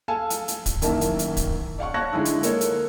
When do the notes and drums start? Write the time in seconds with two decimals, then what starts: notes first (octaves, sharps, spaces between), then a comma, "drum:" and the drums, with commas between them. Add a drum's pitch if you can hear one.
0.08 A4 F5 G#5 A5
0.30 drum: hi-hat
0.48 drum: hi-hat
0.66 drum: kick, hi-hat
0.82 A1 F#2 D#3 A#3 E5 A5, drum: hi-hat
1.01 drum: hi-hat
1.19 drum: hi-hat
1.37 drum: kick, hi-hat
1.79 D5 F5 F#5 C#6
1.94 C#5 A5 C#6 F#6 A#6
2.13 D3 G#3 D#4 E4
2.25 drum: hi-hat
2.43 A#3 A4 C#5, drum: hi-hat
2.61 drum: hi-hat